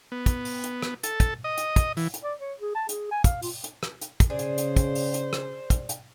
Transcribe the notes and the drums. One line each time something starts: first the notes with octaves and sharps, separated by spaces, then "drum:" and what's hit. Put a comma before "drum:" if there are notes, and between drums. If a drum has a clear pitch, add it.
B3
drum: kick, hi-hat
drum: open hi-hat
drum: hi-hat
drum: rim click
A4, drum: hi-hat
drum: kick, hi-hat
D#5
drum: hi-hat
drum: kick, hi-hat
E3, drum: open hi-hat
drum: hi-hat
D5
C#5
G#4
A5
G#4, drum: hi-hat
G#5
F5, drum: kick, hi-hat
F4, drum: open hi-hat
drum: hi-hat
drum: rim click
drum: hi-hat
drum: kick, hi-hat
C#3 D4 G#4 C5
drum: hi-hat
drum: hi-hat
drum: kick, hi-hat
drum: open hi-hat
drum: hi-hat
drum: rim click
drum: kick, hi-hat
drum: hi-hat